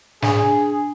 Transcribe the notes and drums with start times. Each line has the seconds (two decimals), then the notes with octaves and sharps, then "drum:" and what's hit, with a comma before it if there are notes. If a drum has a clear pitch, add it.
0.22 D4 G#4 G#5, drum: snare